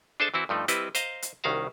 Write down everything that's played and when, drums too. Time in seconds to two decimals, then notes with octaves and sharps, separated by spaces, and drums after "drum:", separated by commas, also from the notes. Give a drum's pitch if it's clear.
0.20 D4 G#4 A4 C5 E5 A5
0.34 E3 C4 E4 F#4
0.49 G2 F3 A3 D#4
0.68 G3 C4 E4 B4 D#5, drum: hi-hat
0.95 C5 D#5 F5 A#5, drum: hi-hat
1.22 drum: hi-hat
1.44 C2 D#3 C#4 F#4 F5 A#5